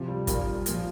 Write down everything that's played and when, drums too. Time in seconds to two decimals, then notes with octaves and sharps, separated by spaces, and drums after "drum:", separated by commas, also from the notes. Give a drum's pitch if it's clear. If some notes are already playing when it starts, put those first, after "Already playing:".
Already playing: C3 F3
0.08 G3
0.27 A#2 F3 G3 A#3, drum: kick, hi-hat
0.66 A#2 F3, drum: hi-hat